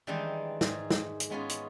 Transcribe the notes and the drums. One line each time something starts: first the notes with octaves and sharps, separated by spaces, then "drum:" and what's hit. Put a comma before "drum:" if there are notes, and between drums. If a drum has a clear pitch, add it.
D#3 E3 G3 G#3 D4 D#4
G#2 G#4 A#5, drum: snare
drum: snare
drum: hi-hat
G#3 B3 C#4 F4 G#4
drum: hi-hat